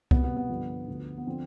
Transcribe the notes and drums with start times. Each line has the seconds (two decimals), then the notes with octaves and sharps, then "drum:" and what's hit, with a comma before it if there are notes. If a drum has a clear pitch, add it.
0.11 C2 B2 B3, drum: kick
0.24 B3
0.37 B3
0.49 G2 D3 F3
0.87 D2 D3 F3
1.18 B3
1.27 D3 F3 C4